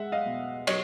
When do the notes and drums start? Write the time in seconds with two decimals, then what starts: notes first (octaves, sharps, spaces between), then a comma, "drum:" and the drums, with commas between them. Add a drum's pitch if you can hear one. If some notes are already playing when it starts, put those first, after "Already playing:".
Already playing: G#3 E5 F#5
0.12 D#5 F5
0.26 B2
0.67 F#3 C#5 D#5, drum: cymbal